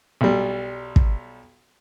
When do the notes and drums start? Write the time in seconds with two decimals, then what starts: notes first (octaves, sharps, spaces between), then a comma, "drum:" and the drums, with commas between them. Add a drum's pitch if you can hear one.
0.21 B1 G3
0.96 drum: kick